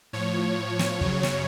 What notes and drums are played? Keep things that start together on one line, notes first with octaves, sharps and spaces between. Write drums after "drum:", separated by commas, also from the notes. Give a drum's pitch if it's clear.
A2 F3 C#5
drum: snare
F#2 C#3 F#3, drum: kick
drum: snare